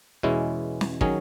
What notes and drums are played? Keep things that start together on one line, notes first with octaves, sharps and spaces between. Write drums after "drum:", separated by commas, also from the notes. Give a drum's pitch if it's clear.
E2 B2 G#3 C#4 E4
drum: snare
D#3 F#3 C#4 G#4, drum: kick